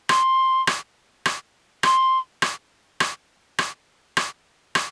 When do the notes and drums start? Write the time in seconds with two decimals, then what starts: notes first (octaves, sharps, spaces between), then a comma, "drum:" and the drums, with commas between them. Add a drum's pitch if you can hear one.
0.09 C6, drum: rim click
0.67 drum: rim click
1.25 drum: rim click
1.83 C6, drum: rim click
2.42 drum: rim click
3.00 drum: rim click
3.58 drum: rim click
4.17 drum: rim click
4.75 drum: rim click